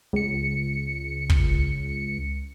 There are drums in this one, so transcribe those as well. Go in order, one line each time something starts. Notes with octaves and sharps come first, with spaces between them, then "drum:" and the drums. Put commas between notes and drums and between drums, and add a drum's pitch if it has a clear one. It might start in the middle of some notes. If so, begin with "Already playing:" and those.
C#2 C#7
drum: kick